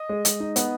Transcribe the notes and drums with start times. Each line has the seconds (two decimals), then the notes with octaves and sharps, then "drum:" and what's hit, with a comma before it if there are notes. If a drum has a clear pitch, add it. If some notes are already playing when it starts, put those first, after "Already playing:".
Already playing: D#5
0.09 G#3
0.25 G#3, drum: hi-hat
0.40 D#4
0.56 B3, drum: hi-hat